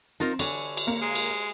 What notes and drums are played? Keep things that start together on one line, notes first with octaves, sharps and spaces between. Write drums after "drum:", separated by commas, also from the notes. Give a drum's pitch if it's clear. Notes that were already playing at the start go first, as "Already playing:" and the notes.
C4 D#4 F4 A#4
D3 C#5 G#5, drum: cymbal
drum: cymbal
A#3 C#7
G#3
drum: cymbal